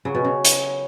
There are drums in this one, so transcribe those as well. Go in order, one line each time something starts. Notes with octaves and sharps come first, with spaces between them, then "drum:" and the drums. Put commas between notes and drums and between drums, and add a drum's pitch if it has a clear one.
C#3 F#3 C#4 F#4 B4
B2
C#3
drum: hi-hat